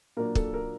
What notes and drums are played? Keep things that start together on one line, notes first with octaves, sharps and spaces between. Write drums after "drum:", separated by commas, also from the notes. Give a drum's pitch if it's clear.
A#2 F#3 A#3 D4 A#4
A4, drum: kick
A#4